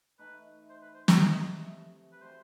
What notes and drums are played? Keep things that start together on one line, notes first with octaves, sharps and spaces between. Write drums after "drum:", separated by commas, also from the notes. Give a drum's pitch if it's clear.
E3 A3 D#4 B4
C5
B4
C5
D#5, drum: snare
C3 E3 A3
B4
F#3 A3 E4 G4 C5